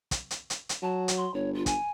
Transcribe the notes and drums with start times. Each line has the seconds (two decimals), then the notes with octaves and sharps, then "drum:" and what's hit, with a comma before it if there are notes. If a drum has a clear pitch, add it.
0.11 drum: kick, hi-hat
0.31 drum: hi-hat
0.50 drum: hi-hat
0.69 drum: hi-hat
0.82 F#3 A5
1.08 drum: hi-hat
1.17 C6
1.34 G1 C#5
1.54 F4
1.66 G#5, drum: kick, hi-hat